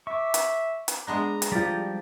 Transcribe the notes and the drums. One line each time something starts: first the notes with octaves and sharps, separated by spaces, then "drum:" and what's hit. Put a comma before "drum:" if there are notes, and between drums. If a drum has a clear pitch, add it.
E5 C#6 D6
drum: hi-hat
drum: hi-hat
G#3 B3 D4 A#5
drum: hi-hat
F3 G3 D5 G5